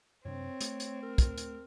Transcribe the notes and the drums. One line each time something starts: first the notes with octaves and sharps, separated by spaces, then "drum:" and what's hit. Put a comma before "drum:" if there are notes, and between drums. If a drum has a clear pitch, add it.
F#2 C3 C4 D4 C#5
A3, drum: hi-hat
drum: hi-hat
A#4
drum: kick, hi-hat
drum: hi-hat